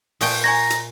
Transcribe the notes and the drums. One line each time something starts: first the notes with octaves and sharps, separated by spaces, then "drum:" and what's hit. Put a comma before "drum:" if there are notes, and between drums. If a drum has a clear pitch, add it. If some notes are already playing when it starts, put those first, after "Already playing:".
A#2 G5 A5 C#6 D#6, drum: open hi-hat
G#5 A#5 C#6 G#6 A#6
drum: hi-hat